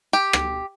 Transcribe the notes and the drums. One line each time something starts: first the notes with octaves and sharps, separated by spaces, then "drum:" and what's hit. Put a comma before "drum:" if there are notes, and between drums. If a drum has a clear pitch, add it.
G4
drum: rim click